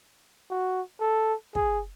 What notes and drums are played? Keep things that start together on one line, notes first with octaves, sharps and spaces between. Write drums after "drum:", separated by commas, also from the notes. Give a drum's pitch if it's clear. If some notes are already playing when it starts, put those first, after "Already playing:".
F#4
A4
G#4, drum: kick